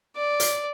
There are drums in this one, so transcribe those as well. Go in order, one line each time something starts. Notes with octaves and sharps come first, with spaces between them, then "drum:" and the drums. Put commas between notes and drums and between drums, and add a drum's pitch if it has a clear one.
D5
drum: hi-hat